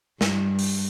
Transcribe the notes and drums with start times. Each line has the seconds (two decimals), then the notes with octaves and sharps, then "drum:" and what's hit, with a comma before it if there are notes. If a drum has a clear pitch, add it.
0.21 G2, drum: snare
0.59 drum: open hi-hat